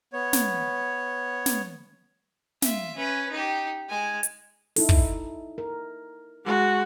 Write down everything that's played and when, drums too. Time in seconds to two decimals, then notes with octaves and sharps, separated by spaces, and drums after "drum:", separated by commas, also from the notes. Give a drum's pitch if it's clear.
0.13 B3 C#5
0.33 drum: snare
1.46 drum: snare
2.62 F4 E5, drum: snare
2.96 C#4 B4
3.31 D#4 G4
3.89 G#3 G#5
4.23 drum: hi-hat
4.76 D#4 E4 A4, drum: open hi-hat
4.89 drum: kick
5.58 A#4
6.45 G#3 F#4